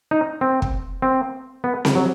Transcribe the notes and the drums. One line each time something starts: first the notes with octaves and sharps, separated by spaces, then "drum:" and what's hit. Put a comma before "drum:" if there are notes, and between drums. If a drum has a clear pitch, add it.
D#4
C4
drum: kick
C4
B3
drum: snare C4
F#3